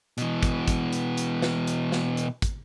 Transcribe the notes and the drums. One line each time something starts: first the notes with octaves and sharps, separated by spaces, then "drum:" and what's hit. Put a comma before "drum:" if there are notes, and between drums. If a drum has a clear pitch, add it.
B2 E3, drum: hi-hat
drum: kick, hi-hat
drum: kick, hi-hat
drum: hi-hat
drum: hi-hat
drum: snare
drum: hi-hat
drum: snare
drum: hi-hat
drum: kick, hi-hat